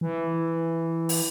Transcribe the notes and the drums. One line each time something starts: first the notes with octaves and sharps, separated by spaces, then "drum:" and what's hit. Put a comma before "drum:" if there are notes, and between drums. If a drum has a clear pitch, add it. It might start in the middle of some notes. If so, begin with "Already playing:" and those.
E3
drum: open hi-hat